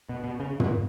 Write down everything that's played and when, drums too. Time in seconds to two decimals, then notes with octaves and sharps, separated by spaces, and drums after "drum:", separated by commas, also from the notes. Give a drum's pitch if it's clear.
0.09 B2
0.24 B2
0.40 C#3
0.60 B2, drum: tom